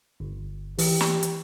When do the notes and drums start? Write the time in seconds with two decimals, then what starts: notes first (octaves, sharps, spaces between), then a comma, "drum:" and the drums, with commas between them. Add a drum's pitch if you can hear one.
0.20 G1
0.78 E3 G4, drum: open hi-hat
1.01 drum: snare
1.23 drum: hi-hat